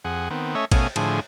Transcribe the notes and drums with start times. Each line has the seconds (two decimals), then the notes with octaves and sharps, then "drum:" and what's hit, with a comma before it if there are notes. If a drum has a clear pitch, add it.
0.05 F2 G#4 F#5
0.30 D#3 B3 C4
0.55 A3 C#4 C#5 D#5 E5
0.72 B2 A3 C#4 F5 G#5 D#6, drum: kick A1, cymbal
0.96 A2 D3 F3 G#4, drum: cymbal